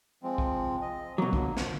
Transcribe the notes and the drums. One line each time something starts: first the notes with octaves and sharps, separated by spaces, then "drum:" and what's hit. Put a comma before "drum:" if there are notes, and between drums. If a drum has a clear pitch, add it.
F3 G#3 C4
drum: kick
D#5
B2 F#3 A#3
D3, drum: kick
drum: snare